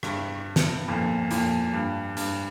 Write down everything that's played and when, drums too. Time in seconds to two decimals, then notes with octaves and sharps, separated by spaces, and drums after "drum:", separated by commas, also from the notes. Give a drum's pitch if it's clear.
0.03 G2, drum: rim click
0.56 drum: snare
0.88 F2 A#2
1.31 F2 A#2, drum: hi-hat
1.73 G2
2.17 G2, drum: hi-hat